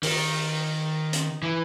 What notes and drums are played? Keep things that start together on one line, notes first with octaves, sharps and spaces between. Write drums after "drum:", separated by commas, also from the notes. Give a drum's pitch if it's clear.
D#3, drum: open hi-hat
drum: hi-hat
E3